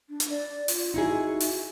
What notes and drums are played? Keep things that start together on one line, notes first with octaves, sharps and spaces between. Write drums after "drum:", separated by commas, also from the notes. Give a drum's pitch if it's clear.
D4
drum: hi-hat
D5
F4, drum: open hi-hat
D#4 E4 F#4 G#4
drum: open hi-hat